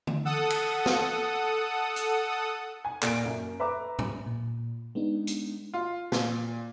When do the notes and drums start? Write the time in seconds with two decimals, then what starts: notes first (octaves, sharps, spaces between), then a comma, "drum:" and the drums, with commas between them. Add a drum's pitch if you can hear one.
0.07 drum: tom D3
0.25 A4 F#5 D#6
0.50 drum: cymbal
0.86 drum: snare
1.96 drum: hi-hat
2.85 G#5
3.02 A#2 D7, drum: clap
3.26 F#2
3.60 B4 E5 A#5 D6
3.99 drum: tom A2
4.26 A#2
4.95 G#3 B3 D4 D#4
5.27 drum: hi-hat
5.74 F4
6.12 A#2, drum: snare